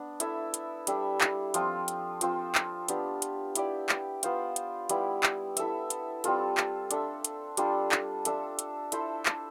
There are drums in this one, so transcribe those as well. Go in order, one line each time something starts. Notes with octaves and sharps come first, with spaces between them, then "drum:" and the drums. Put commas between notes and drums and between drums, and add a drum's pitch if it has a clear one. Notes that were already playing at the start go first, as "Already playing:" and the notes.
Already playing: B3 D4
E4 A4 E5, drum: hi-hat
drum: hi-hat
G3 D4 A4 E5, drum: hi-hat
drum: clap
F3 C4 F4, drum: hi-hat
drum: hi-hat
F3 C4 F4 C5, drum: hi-hat
drum: clap
B3 D4 G4, drum: hi-hat
drum: hi-hat
E4 G4 D5, drum: hi-hat
drum: clap
B3 F4 C5 F5, drum: hi-hat
drum: hi-hat
G3 B3 E4, drum: hi-hat
drum: clap
E4 A4 E5, drum: hi-hat
drum: hi-hat
G3 C4 F4 A4, drum: hi-hat
drum: clap
D4 A4 E5, drum: hi-hat
drum: hi-hat
G3 D4 F4 A4, drum: hi-hat
drum: clap
D4 A4 E5, drum: hi-hat
drum: hi-hat
E4 A4 C5 E5, drum: hi-hat
drum: clap